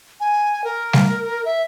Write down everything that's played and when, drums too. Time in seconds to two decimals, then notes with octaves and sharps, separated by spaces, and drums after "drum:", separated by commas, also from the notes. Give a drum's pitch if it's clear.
0.20 G#5
0.64 A#4
0.93 drum: snare G3
1.45 E5